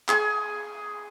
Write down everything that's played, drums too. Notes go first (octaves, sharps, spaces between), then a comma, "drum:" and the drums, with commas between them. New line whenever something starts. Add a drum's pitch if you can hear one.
G#4 G#5, drum: clap